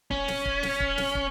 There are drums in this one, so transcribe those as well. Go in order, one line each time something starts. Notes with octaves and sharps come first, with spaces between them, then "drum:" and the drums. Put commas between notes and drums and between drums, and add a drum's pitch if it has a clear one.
C#4, drum: kick
drum: snare
drum: kick
drum: snare
drum: kick
drum: snare
drum: kick